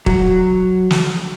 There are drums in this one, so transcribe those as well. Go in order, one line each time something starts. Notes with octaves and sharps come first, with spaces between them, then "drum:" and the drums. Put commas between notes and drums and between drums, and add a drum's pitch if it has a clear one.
F#3, drum: kick D#1
drum: snare